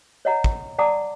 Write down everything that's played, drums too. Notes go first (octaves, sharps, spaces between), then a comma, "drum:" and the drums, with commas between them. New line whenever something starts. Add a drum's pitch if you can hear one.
C#5 D#5 F#5 A#5
drum: kick
D5 F#5 A5 A#5 D6 D#6